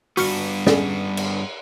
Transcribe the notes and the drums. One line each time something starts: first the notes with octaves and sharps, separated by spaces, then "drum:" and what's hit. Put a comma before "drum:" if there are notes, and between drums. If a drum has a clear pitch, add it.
G2 B3 F#4 F6 C#7, drum: open hi-hat
C#4 G#4 D5, drum: snare
drum: cymbal